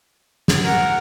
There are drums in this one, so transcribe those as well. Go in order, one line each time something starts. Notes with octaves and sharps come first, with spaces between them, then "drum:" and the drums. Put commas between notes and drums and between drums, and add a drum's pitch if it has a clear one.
drum: snare
A#4 F#5